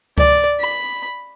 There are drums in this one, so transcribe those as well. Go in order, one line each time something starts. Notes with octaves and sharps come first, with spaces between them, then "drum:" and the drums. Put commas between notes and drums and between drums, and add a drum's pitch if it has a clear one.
D5, drum: kick C#2
B5